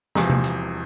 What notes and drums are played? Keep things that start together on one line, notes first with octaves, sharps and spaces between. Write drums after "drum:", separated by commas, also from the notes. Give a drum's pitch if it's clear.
E1 E2 C3 F3, drum: snare
drum: tom C3
drum: hi-hat